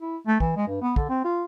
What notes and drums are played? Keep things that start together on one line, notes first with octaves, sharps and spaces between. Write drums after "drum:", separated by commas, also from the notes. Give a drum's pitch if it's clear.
E4
A3
E3, drum: kick
G#3
G2
B3
D3, drum: kick
C4
F4